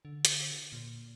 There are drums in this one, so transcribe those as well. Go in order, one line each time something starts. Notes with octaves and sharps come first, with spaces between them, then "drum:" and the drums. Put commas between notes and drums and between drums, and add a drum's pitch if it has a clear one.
D3
drum: hi-hat
A#2